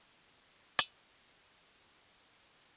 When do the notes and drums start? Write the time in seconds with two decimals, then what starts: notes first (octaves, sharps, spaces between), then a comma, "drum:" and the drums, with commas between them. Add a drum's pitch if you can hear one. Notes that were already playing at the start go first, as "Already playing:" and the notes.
0.16 A#5 D6
0.79 drum: hi-hat